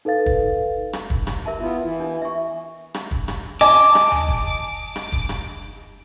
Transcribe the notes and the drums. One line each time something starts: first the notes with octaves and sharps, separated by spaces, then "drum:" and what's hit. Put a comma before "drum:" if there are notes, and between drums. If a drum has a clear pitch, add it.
D#4 A4 B4 F5 A6
drum: kick
drum: rim click
drum: kick
drum: rim click
A#4 E5 A5
B3 E4 F4
E3 E4
D4
E5 C#6
drum: rim click
drum: kick
drum: rim click
D#5 G#5 A5 D6
drum: rim click
drum: tom D#2
drum: kick
drum: rim click
drum: kick
drum: rim click